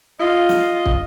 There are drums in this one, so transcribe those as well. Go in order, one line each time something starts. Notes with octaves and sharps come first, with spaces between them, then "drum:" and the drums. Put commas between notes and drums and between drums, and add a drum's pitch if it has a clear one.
F4 D#5
drum: snare
drum: kick